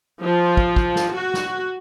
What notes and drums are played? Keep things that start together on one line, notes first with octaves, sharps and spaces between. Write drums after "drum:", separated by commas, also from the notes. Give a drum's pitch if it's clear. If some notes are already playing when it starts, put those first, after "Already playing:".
F3
drum: kick
drum: kick
drum: snare
F#4
drum: snare